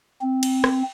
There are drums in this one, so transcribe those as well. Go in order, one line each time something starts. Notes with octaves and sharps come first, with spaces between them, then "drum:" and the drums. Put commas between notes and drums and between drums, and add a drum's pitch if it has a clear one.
C4
drum: cymbal
drum: rim click